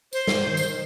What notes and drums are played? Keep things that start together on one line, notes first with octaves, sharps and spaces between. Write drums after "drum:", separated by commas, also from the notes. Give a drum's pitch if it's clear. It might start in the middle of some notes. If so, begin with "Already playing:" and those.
C5, drum: tambourine
drum: snare
D#3
drum: tambourine